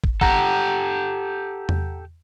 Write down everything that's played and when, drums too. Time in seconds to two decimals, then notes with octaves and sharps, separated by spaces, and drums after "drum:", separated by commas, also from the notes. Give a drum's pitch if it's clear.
0.04 drum: kick
0.21 G4 A4 F#5 A#5, drum: kick
1.69 drum: tom E2